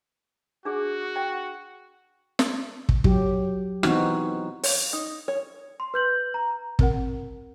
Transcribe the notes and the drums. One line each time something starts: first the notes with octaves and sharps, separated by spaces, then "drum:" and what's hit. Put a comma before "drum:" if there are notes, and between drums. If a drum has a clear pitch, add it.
D4 F#4 G#4
G5
drum: snare
drum: kick
F#3 G4, drum: kick
E3 B3 C4 D#4 F#4, drum: rim click
C#5, drum: open hi-hat
D#4
C#5
C6
B4 G6 F#7
A#5
C4 A#4 F#5, drum: kick